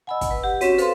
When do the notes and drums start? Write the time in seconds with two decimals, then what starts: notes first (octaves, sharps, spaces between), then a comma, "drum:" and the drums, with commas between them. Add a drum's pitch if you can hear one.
0.07 D#5 F#5 G#5 B5 E6
0.21 drum: kick, hi-hat
0.31 B4
0.44 G4 F#5
0.61 C4 C#4 F#4 C#5 B6, drum: hi-hat
0.78 A4 B4 C5 F5 C6, drum: hi-hat